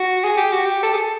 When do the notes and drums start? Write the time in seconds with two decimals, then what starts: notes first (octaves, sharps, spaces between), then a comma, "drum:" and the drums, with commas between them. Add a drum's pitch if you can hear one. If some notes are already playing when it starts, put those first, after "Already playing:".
Already playing: F#4
0.24 G#4, drum: hi-hat
0.37 G4, drum: hi-hat
0.52 F#4, drum: hi-hat
0.65 G4
0.83 A4, drum: hi-hat
0.94 G#4
0.98 A4